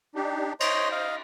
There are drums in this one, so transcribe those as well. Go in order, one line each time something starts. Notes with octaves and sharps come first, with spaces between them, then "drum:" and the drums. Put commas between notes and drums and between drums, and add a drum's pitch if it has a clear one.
D4 D#4 G4
C5 C#5 D#5 C6, drum: cymbal
D#5 F5